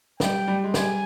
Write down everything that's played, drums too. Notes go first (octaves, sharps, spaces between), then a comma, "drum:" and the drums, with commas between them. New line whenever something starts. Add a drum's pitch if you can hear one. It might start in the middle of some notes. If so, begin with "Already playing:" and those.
G3 G5, drum: snare
G3
G#3
G3 G#5, drum: snare